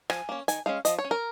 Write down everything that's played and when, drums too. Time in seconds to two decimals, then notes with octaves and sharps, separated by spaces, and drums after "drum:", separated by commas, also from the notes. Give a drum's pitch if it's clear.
0.10 F3 G#5, drum: rim click
0.29 A#3 C#4
0.48 D#3 G#5, drum: hi-hat
0.66 G#3 C#4 F5
0.85 F3 D#5, drum: hi-hat
0.99 C#5
1.04 C#4
1.11 A#4